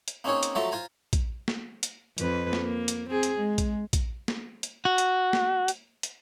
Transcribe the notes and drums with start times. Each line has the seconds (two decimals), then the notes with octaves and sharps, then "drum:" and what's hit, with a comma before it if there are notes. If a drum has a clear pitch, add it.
0.08 drum: hi-hat
0.24 A#3 C4 C#4 D#4 G#4 C#5
0.43 drum: hi-hat
0.55 F3 F#3 A3 A4 A#5 C6
0.71 F4 C5 G#5 A#5
1.13 drum: kick, hi-hat
1.48 drum: snare
1.83 drum: hi-hat
2.18 F2 B4, drum: hi-hat
2.53 drum: snare
2.62 A#3
2.88 drum: hi-hat
3.09 C4 G#4
3.23 drum: hi-hat
3.39 G#3
3.58 drum: kick, hi-hat
3.93 drum: kick, hi-hat
4.28 drum: snare
4.63 drum: hi-hat
4.85 F#4
4.98 drum: hi-hat
5.33 drum: snare
5.68 drum: hi-hat
6.03 drum: hi-hat